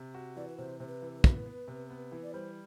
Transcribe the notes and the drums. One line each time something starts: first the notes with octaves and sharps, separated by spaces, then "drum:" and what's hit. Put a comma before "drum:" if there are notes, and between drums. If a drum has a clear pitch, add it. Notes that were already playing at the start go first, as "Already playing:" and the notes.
Already playing: C3
F#4
E3 D5
B4
C3 C5
C3 C5
B4
E3
B4
B3, drum: kick
B3
C3
B3
E3
D5
G3 C5